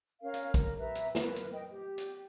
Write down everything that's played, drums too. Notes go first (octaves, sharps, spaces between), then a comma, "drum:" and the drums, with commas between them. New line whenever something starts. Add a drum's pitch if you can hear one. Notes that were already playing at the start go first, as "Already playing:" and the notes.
C#4 A#4 F5
drum: hi-hat
A#4, drum: kick, hi-hat
G4 B4 E5 A#5
drum: hi-hat
A#4 B4, drum: snare
drum: hi-hat
D#5 G5
G4
drum: hi-hat